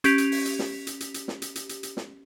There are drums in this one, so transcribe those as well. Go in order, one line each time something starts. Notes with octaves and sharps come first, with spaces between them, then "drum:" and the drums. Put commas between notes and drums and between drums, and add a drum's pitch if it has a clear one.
C#4 G4 B6 F7, drum: hi-hat
drum: hi-hat
drum: open hi-hat
drum: hi-hat
drum: snare
drum: hi-hat
drum: hi-hat
drum: hi-hat
drum: snare
drum: hi-hat
drum: hi-hat
drum: hi-hat
drum: hi-hat
drum: snare